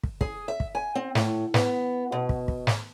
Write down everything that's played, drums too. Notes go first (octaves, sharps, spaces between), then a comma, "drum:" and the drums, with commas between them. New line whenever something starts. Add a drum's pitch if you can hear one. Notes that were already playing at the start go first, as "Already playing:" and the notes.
drum: kick
G#4, drum: kick
E5
drum: kick
G#5
C4
A2, drum: snare
B3, drum: snare
B2
drum: kick
drum: kick
drum: snare